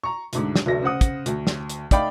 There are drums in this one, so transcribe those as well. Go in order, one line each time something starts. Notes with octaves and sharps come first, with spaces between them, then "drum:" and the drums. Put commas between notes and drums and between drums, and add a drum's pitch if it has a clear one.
A#5 C#6
D2 G#2 D3, drum: hi-hat
drum: snare
F1 D2 B2 A3 A#6
C#3 C5 F#5 D#6
drum: kick, hi-hat
D2, drum: hi-hat
drum: snare
drum: hi-hat
A3 D#4 D5 F5 G5 B5, drum: kick, hi-hat